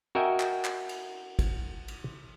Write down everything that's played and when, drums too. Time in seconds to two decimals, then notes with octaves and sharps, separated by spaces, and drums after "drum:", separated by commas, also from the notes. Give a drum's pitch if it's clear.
0.15 F#4 A#4 D#5 E5 G5 G#5
0.40 drum: clap
0.64 drum: clap
0.89 drum: cymbal
1.39 drum: kick, cymbal
1.88 drum: cymbal